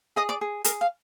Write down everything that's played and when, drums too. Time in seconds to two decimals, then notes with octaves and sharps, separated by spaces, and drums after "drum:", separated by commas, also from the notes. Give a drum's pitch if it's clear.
0.16 G#4 D#5 D#6
0.29 D5 D6
0.41 G#4
0.64 G#4 A#4 A#5, drum: hi-hat
0.81 F5